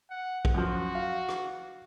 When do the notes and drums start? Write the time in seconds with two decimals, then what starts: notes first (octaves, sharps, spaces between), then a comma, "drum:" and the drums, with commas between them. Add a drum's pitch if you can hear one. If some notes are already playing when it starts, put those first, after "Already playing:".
0.10 F#5
0.45 drum: kick
0.55 F#2 F3 F#4
0.95 F5
1.29 drum: rim click